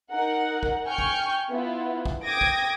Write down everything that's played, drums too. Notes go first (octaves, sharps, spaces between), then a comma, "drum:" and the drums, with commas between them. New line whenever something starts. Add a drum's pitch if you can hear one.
D#4 A#4 F#5
drum: kick
G5 G#5 C#6 F6 G6
drum: kick
B3 E4 F4
drum: kick
G5 D6 D#6 G#6 A#6 D7
drum: kick